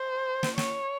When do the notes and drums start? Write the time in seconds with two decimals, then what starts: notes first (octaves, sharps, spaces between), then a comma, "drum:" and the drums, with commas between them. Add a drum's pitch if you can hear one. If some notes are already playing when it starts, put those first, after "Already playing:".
Already playing: C5
0.43 drum: snare
0.58 C#5, drum: snare